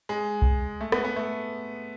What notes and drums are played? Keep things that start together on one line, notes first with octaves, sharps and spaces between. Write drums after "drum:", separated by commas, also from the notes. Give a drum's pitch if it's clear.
G#3
drum: kick C2
A3
B3, drum: rim click
B3
A3